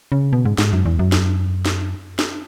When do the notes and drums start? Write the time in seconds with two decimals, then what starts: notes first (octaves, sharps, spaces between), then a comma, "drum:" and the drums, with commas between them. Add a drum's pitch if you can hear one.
0.12 C#3
0.33 B2
0.45 G#2
0.58 G#2, drum: snare
0.73 F#2
0.85 E2
0.99 F#2
1.12 drum: snare
1.65 drum: snare
2.19 drum: snare